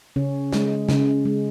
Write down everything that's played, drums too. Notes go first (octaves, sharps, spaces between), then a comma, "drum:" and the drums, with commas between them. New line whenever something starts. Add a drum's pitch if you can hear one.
C#3 C#4
G#3, drum: snare
C#3, drum: snare
G#3